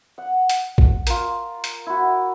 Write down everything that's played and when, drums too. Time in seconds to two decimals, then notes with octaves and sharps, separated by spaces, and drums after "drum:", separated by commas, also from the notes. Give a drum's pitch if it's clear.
0.18 F#5
0.49 drum: hi-hat
0.78 drum: kick
1.07 F4 A#4, drum: hi-hat
1.64 drum: hi-hat
1.86 E4 F#4